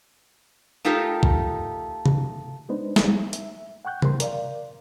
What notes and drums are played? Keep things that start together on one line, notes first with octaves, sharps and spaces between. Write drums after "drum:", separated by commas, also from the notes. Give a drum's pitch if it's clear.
A3 D#4 F4 G4 A4 A#4
drum: kick
drum: tom C3
G#3 B3 D4 D#4 B4 C5
drum: snare
E5, drum: hi-hat
F#5 G5 C#6 F#6 G6
G3 A#3 A#4 C5 C6, drum: tom C3
A#4 D5 F5, drum: hi-hat